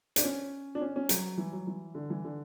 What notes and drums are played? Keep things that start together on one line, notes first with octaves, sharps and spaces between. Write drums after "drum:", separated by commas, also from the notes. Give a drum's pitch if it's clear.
D4, drum: hi-hat
C#4
D4
C#4
C#4
F#3, drum: hi-hat
E3
F#3
E3
D3
E3
D3